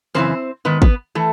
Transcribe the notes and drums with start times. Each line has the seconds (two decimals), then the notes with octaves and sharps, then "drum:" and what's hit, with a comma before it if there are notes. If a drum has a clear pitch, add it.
0.14 F#2 C#3 E3 C4 C5
0.65 G#2 D#3 B3 B4
0.82 B3 B4, drum: kick G#1
1.15 E3 A3 A4